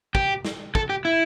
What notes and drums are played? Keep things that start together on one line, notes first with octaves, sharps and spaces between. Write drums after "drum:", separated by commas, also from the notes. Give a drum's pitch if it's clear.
G4, drum: kick
drum: snare
A4, drum: kick
G4
E4